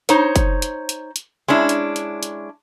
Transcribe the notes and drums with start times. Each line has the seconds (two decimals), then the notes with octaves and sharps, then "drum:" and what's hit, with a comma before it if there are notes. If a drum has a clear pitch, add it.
0.09 D#4 C5 C#5, drum: hi-hat
0.36 drum: kick, hi-hat
0.62 drum: hi-hat
0.89 drum: hi-hat
1.16 drum: hi-hat
1.48 G#3 C#4 D4 E4
1.69 drum: hi-hat
1.96 drum: hi-hat
2.23 drum: hi-hat